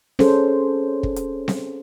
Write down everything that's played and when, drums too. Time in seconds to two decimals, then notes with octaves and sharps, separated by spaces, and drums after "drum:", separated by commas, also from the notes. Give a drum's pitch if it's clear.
0.19 C#4 G#4 A4 C5, drum: snare C4
1.03 drum: kick
1.16 drum: hi-hat
1.48 drum: snare C4